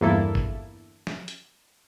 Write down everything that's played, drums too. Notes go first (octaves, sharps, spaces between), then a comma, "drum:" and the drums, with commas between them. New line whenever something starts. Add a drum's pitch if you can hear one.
G1 E2 A#3 E4 A4
drum: kick
drum: snare
drum: hi-hat